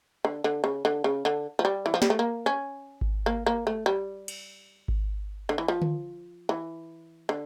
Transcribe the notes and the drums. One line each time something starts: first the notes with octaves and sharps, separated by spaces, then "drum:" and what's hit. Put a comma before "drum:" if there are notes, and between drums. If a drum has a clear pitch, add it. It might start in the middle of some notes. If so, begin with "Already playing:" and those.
D3
D3
C#3
D3
C#3
D3
F3
G3
E3
F3
G3, drum: snare
A3
A#3
C#4
drum: kick G#1
A#3
A#3
A3
G3
drum: cymbal
drum: kick G#1
D3
E3
F3
drum: tom D3
E3
D3